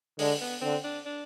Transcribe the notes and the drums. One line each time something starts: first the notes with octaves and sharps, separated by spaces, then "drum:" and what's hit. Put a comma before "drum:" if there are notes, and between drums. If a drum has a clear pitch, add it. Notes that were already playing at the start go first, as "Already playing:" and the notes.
D3 G#3, drum: open hi-hat
B3
D3 C4
D4
D4